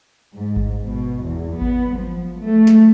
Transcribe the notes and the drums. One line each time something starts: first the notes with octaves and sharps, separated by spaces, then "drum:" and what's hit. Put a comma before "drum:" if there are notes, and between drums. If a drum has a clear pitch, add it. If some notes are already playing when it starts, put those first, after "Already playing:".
G#2
drum: kick G#1
B2
E2
B3, drum: kick G#1
F3
A3
drum: snare